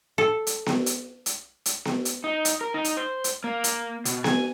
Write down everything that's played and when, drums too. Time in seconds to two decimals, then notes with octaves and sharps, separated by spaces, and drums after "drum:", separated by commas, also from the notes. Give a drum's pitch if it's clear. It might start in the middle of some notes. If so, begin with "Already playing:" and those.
0.18 A4
0.47 drum: hi-hat
0.66 drum: snare B3
0.86 drum: hi-hat
1.26 drum: hi-hat
1.66 drum: hi-hat
1.85 drum: snare B3
2.05 drum: hi-hat
2.24 D#4
2.45 drum: hi-hat
2.61 A#4
2.74 D#4
2.84 drum: hi-hat
2.97 C5
3.24 drum: hi-hat
3.44 A#3
3.64 drum: hi-hat
4.05 B2, drum: hi-hat
4.24 G#5, drum: snare B3